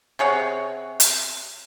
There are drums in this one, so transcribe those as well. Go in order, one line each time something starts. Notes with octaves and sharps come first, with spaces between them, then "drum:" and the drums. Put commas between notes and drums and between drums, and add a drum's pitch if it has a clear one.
C3 G#4 C#5 F#5
drum: hi-hat